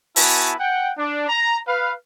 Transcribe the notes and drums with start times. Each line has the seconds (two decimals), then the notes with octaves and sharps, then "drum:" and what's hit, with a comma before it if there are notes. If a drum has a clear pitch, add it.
0.16 B3 E4 F#4 B4 G#5 A5, drum: open hi-hat
0.60 F#5 G5
0.98 D4
1.29 A#5
1.67 B4 F5